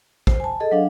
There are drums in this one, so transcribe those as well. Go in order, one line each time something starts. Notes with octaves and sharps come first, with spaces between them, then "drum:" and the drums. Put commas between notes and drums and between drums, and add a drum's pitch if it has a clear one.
C5, drum: kick A1
G#5 A5
G#4 A4 D#5
F#3 D4 F5